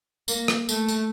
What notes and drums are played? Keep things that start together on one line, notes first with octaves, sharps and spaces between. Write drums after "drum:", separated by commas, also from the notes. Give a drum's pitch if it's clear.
A#3, drum: tambourine
drum: rim click
A3, drum: tambourine
drum: tambourine